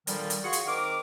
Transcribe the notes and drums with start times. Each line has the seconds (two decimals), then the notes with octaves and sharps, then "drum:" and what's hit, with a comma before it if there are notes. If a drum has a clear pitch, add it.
0.07 A#2 D3 D#3 F3 G3, drum: hi-hat
0.30 drum: hi-hat
0.43 F4 F#4 G#4 F#5 C6 C#6
0.53 drum: hi-hat
0.68 D#3 C4 A#4 D6